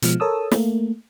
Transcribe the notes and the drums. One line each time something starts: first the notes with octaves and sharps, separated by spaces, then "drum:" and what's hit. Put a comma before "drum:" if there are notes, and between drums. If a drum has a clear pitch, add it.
B2 F3 G#3 F6, drum: hi-hat
A4 A#4 C#5 A5 D#6 E6
A3 A#3, drum: snare